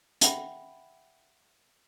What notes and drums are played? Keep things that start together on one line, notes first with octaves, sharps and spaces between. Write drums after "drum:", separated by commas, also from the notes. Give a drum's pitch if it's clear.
E5 F#5 G5 B5, drum: hi-hat